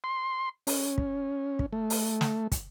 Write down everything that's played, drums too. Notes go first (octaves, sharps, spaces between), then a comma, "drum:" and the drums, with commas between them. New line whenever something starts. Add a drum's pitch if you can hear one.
C6
C#4, drum: open hi-hat
drum: kick
drum: kick
A3
drum: open hi-hat
drum: snare
drum: kick, hi-hat